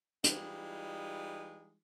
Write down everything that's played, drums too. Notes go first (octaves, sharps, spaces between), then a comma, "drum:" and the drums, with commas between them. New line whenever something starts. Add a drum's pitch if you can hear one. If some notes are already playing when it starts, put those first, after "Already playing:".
E3 G3 G#3 D#4 F4, drum: hi-hat